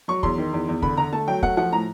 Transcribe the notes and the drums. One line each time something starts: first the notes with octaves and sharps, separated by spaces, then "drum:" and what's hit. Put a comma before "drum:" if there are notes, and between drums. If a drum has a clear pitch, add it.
F#3 C#6
E2 C6, drum: kick
D#3
E2
E2
D3 B5, drum: kick
D3 A#5
A3 A5
F#3 G5
A3 F#5, drum: kick
F3 F#5
A2 A#5